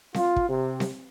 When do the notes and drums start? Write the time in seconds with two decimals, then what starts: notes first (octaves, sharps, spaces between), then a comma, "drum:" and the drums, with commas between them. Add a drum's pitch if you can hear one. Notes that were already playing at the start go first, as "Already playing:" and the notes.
0.14 F4, drum: snare C4
0.36 drum: kick
0.49 C3
0.80 drum: snare C4